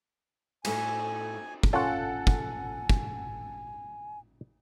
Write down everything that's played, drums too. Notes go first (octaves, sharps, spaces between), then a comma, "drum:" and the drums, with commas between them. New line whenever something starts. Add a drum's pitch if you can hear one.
A2 A3 E5 G#5, drum: cymbal
drum: kick
C#4 F4 A4 C#5 F#5 G#5
drum: kick
drum: kick